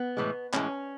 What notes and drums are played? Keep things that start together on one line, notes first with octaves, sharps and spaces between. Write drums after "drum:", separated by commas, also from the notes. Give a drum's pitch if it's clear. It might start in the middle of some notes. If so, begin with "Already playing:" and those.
Already playing: B3
A2 E3 G#3
A2 E3 G#3 C#4, drum: clap